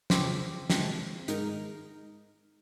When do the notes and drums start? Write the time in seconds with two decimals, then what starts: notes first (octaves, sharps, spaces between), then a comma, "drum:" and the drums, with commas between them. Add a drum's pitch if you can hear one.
0.10 C#3 F3 C4 G4 C5, drum: snare
0.70 C3 F3 G#3, drum: snare
1.28 G#2 D#3 G#3 D#4 A#4, drum: hi-hat